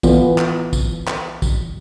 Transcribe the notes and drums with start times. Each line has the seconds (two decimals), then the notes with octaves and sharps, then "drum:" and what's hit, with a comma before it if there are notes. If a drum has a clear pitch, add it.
0.03 E3 B3 F4, drum: kick, tambourine
0.38 drum: clap
0.73 drum: kick, tambourine
1.07 drum: clap
1.42 drum: kick, tambourine